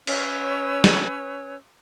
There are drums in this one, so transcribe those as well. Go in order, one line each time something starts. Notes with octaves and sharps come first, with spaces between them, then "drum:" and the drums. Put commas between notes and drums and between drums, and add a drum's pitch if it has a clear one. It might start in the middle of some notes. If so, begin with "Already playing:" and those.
C#4 B4 C#5 E6, drum: cymbal
drum: snare